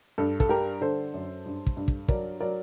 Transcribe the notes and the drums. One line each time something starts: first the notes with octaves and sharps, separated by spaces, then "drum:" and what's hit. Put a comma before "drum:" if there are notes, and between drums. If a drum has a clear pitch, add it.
G2 A4
A4, drum: kick
G3 G4 A#4
D3 A4 C5
F#2
G2
drum: kick
G2
drum: kick
F#3 A#4 D5, drum: kick
F#3 A#4 D5